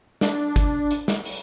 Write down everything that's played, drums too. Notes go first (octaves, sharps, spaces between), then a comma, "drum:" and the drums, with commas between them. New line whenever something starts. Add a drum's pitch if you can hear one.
D4, drum: snare
drum: kick G1, hi-hat
drum: hi-hat
drum: snare
drum: open hi-hat